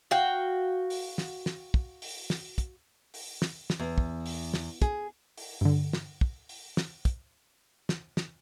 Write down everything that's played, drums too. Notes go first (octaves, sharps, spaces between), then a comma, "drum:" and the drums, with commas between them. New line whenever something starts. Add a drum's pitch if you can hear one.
F#4 F5 G5
drum: open hi-hat
drum: snare
drum: snare
drum: kick
drum: open hi-hat
drum: snare
drum: kick, hi-hat
drum: open hi-hat
drum: snare
drum: snare
E2
drum: kick
drum: open hi-hat
drum: snare
G#4, drum: kick, hi-hat
drum: open hi-hat
G2 D3
drum: snare
drum: kick
drum: open hi-hat
drum: snare
drum: kick, hi-hat
drum: snare
drum: snare